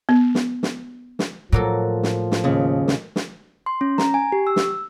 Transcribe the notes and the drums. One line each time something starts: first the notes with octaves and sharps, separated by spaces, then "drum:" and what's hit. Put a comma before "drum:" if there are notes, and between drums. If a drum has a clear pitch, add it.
B3
drum: snare
drum: snare
drum: snare
A2 F3 F#3 A#3 A4
drum: snare
drum: snare
D#2 C#3
drum: snare
drum: snare
C6
C#4
A#5, drum: snare
G#5
G4
E6
drum: snare